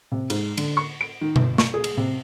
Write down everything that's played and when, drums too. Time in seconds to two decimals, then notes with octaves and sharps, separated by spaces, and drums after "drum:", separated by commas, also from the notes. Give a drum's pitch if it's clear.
0.12 C3
0.30 G#2, drum: cymbal
0.57 D3, drum: cymbal
0.77 C#6
1.01 D7
1.21 D#3
1.36 G1, drum: tom B2
1.58 C#6, drum: snare
1.74 G#4
1.84 drum: cymbal
1.97 C3